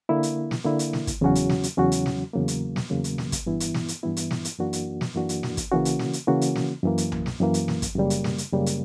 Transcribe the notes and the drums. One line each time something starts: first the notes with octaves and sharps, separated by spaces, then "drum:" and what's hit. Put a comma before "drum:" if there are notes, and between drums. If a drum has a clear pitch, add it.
D3 A#3 E4
drum: hi-hat
drum: snare
D3 A#3 E4
drum: hi-hat
drum: snare
drum: kick, hi-hat
E2 C#3 F#3 C#4 F#4
drum: hi-hat
drum: snare
drum: hi-hat
E2 C#3 F#3 C#4 F#4
drum: hi-hat
drum: snare
E2 C#3 F#3 A#3
drum: hi-hat
drum: snare
E2 C#3 F#3 A#3
drum: hi-hat
drum: snare
drum: kick, hi-hat
G2 E3 B3 E4
drum: hi-hat
drum: snare
drum: hi-hat
G2 E3 B3 E4
drum: hi-hat
drum: snare
drum: hi-hat
F#2 E3 A#3 D4 F#4
drum: hi-hat
drum: snare
F#2 E3 A#3 D4 F#4
drum: hi-hat
drum: snare
drum: kick, hi-hat
C#3 E3 A#3 C#4 F#4
drum: hi-hat
drum: snare
drum: hi-hat
C#3 E3 A#3 C#4 F#4
drum: hi-hat
drum: snare
F#2 E3 A#3
drum: hi-hat
drum: tom B1
drum: snare
F#2 E3 A#3
drum: hi-hat
drum: snare
drum: kick, hi-hat
F#2 C#3 G3 A#3
drum: hi-hat
drum: snare
drum: hi-hat
F#2 C#3 G3 A#3
drum: hi-hat